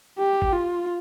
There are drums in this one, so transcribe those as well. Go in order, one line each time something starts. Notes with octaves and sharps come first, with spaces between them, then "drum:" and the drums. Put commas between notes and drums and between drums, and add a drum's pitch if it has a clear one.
G4
drum: kick G1
F4